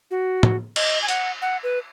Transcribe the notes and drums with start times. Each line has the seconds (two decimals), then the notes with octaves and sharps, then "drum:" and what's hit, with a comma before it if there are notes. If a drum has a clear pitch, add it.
0.11 F#4
0.43 drum: tom
0.76 D#5, drum: cymbal
1.02 G#5
1.08 F#5, drum: hi-hat
1.42 F#5
1.63 B4